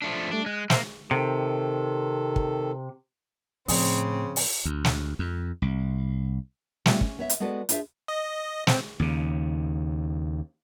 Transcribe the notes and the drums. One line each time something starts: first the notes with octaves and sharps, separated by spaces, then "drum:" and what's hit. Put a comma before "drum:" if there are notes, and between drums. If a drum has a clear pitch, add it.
F3 A3 D4
G3 A3 D4
G#3 F#6
A#3 C5 E5, drum: snare
C3 D#3 A4
drum: kick
A2 C#3 F3 C4, drum: open hi-hat
drum: open hi-hat
D2
drum: snare
F2
C2
G3 A3 B3 C4 F4, drum: snare
C#4, drum: kick
B3 C#5 E5
drum: hi-hat
G#3 B3 F#4 A4 B4 D5
D4 F4 G#4 C5 E5, drum: hi-hat
D#5
C4, drum: snare
D#2 C#3